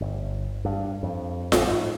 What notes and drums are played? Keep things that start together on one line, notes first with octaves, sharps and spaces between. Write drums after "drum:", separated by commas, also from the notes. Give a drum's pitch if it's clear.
G1
G2
F2
A1, drum: snare F4
G#2